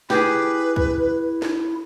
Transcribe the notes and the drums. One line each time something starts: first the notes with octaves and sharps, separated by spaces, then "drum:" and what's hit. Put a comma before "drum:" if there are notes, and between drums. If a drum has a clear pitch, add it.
E4 G4 G#4 B4, drum: snare
drum: kick B1
drum: snare